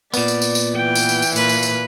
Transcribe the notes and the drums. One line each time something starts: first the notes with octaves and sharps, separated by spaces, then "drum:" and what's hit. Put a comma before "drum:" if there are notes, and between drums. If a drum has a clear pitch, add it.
A#2 B3 D5, drum: tambourine
drum: tambourine
drum: tambourine
drum: tambourine
E3 G5
drum: tambourine
drum: tambourine
drum: tambourine
A#2 B4, drum: tambourine
drum: tambourine
drum: tambourine